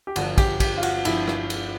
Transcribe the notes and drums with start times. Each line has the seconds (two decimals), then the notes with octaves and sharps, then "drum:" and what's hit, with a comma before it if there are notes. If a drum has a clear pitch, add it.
0.07 G4
0.16 G1 G2 D3 F3 F#4, drum: cymbal
0.38 G4, drum: kick, cymbal
0.60 G4, drum: kick, cymbal
0.78 F4
0.83 F#4, drum: cymbal
1.05 G1 G2 D3 F3 E4, drum: cymbal
1.28 drum: rim click
1.50 drum: cymbal